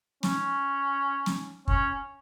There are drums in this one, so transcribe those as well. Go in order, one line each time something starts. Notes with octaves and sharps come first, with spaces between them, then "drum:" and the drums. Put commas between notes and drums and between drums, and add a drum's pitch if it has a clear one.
C#4, drum: snare
drum: snare
C#4, drum: kick